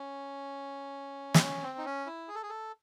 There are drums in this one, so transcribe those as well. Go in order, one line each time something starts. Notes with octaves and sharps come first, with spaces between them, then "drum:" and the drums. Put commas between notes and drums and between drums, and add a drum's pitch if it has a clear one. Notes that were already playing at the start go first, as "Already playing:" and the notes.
Already playing: C#4
C4, drum: snare
C#4
C4
D#4
C#4
E4
G#4
A4
G#4
A4